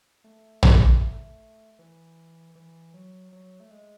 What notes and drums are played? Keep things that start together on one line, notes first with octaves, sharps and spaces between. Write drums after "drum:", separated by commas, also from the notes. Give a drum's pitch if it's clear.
A3
drum: tom
A3
E3
E3
F#3
F#3
A3
G#3